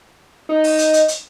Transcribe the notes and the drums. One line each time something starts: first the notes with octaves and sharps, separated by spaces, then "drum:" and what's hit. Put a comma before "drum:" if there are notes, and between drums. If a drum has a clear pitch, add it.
D#4
drum: open hi-hat
drum: hi-hat
drum: hi-hat
drum: hi-hat